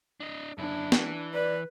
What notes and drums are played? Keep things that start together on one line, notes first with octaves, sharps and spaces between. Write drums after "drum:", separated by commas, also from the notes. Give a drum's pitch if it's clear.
D4 D#5
F#2 D4 E4
E3, drum: snare
B4 D5